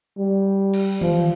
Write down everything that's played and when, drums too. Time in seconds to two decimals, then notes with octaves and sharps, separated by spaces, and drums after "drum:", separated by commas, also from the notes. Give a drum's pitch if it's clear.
0.18 G3
0.74 drum: cymbal
1.02 F3, drum: tom D#3